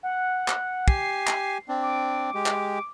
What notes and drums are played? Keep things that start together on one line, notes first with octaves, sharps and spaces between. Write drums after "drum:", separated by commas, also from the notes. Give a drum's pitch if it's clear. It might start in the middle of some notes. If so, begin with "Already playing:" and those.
F#5
drum: clap
G4 G#5 C7, drum: kick
drum: clap
C4 D4
D6
G#3 G4
drum: clap